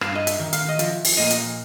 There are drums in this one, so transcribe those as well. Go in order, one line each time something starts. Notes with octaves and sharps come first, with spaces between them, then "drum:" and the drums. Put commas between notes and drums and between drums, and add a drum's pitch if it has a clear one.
G2 F5, drum: rim click
D#5
E5, drum: hi-hat
D#3
F5, drum: hi-hat
D#5
F3 E5, drum: hi-hat
drum: open hi-hat
A#2 D#5
drum: hi-hat